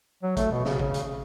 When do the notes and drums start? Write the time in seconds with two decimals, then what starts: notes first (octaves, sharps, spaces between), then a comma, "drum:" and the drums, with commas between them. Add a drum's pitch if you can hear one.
0.23 F#3
0.37 A3, drum: kick A1, hi-hat
0.51 B2
0.65 C#3, drum: snare
0.79 C#3, drum: kick A1
0.94 drum: hi-hat